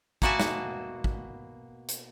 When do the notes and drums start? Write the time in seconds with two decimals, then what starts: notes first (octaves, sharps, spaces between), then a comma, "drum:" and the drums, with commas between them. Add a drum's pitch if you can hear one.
0.22 B2 A#3 F#4 E5 G#5 A5, drum: kick
0.40 drum: snare
1.04 drum: kick
1.88 drum: hi-hat